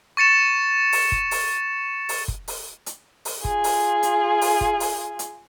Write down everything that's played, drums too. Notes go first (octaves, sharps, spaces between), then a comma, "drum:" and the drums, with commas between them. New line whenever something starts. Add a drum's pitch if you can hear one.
C#6 A6 C#7 E7
drum: open hi-hat
drum: kick
drum: open hi-hat
drum: open hi-hat
drum: kick
drum: open hi-hat
drum: hi-hat
drum: open hi-hat
F4 G#4, drum: kick
drum: open hi-hat
drum: hi-hat
drum: open hi-hat
drum: kick
drum: open hi-hat
drum: hi-hat